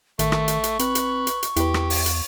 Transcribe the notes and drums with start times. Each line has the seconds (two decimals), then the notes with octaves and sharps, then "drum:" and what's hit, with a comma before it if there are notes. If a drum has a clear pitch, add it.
0.19 A1 D#3 A3 C#6, drum: hi-hat
0.32 drum: rim click
0.48 drum: hi-hat
0.64 drum: hi-hat
0.79 C4 B4, drum: hi-hat
0.95 drum: hi-hat
1.27 drum: hi-hat
1.43 drum: hi-hat
1.56 E2 E4 G4 B4, drum: hi-hat
1.74 drum: rim click
1.90 drum: open hi-hat
2.06 drum: hi-hat